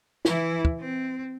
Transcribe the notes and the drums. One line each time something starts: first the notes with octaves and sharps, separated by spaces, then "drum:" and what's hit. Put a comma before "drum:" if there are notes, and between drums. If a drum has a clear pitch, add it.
E3 E4, drum: snare
drum: kick
C4